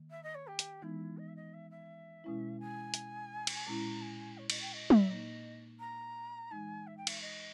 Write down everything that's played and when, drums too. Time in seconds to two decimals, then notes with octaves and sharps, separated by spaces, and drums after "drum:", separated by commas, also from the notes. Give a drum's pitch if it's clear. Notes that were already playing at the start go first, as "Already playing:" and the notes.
Already playing: D#3 A#3
0.10 E5
0.23 D#5
0.34 C#5
0.47 G4
0.59 drum: hi-hat
0.82 E3 G#3 B3 D#4 E4
1.17 D#5
1.28 E5
1.36 D#5
1.53 E5
1.70 E5
2.24 B2 G#3 C#4 E4
2.60 G#5
2.94 drum: hi-hat
3.47 drum: cymbal
3.67 A#2 G#3 C#4 E4 A#5
4.01 G#5
4.38 C#5
4.50 D#5, drum: cymbal
4.61 G5
4.73 D#5
4.90 E5, drum: tom
5.08 A#2 A#3 D#4 D#5
5.79 A#5
6.51 E3 G#3 D#4 G#5
6.87 E5
6.97 G5
7.07 E5, drum: cymbal
7.21 D#5